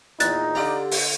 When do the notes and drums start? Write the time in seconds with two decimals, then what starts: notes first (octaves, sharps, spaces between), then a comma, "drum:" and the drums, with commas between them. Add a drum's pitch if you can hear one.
0.20 E2 A#2 D#4 F#6 A6, drum: hi-hat
0.55 D3 F4 G4 D5 A#5
0.91 drum: open hi-hat